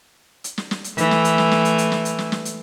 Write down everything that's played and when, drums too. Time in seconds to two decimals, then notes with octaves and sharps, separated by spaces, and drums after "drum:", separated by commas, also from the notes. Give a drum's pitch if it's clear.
0.44 drum: hi-hat
0.58 drum: snare
0.71 drum: snare
0.84 drum: hi-hat
0.98 E3 A3, drum: hi-hat
1.11 drum: snare
1.25 drum: hi-hat
1.38 drum: snare
1.51 drum: snare
1.65 drum: hi-hat
1.78 drum: hi-hat
1.92 drum: snare
2.05 drum: hi-hat
2.18 drum: snare
2.32 drum: snare
2.45 drum: hi-hat